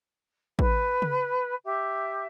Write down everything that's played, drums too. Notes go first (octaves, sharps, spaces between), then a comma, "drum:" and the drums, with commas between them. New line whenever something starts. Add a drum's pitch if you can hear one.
B4, drum: kick
drum: tom C#3
G4 E5